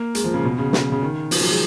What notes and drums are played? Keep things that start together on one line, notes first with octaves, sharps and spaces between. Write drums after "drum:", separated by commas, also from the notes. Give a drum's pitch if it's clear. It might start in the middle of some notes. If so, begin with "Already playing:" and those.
Already playing: A#3
G#3, drum: hi-hat
F3
C#3
B2
C#3
drum: snare
C#3
D#3
F3, drum: open hi-hat
F#3
G#3